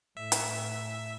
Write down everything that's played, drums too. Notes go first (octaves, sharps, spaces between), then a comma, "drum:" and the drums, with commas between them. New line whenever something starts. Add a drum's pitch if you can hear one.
A2 E5
drum: hi-hat